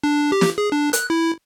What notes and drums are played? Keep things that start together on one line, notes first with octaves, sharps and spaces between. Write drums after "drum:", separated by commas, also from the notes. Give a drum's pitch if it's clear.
D4
G4
drum: snare
G#4
D4
F#6, drum: hi-hat
E4